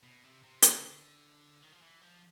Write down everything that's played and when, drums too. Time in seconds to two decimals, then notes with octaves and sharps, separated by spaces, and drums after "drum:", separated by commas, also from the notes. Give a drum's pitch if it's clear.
0.03 B2
0.24 C3
0.43 C3
0.62 C#3, drum: hi-hat
0.82 D3
1.62 D#3
1.73 F3
1.82 E3
2.02 F3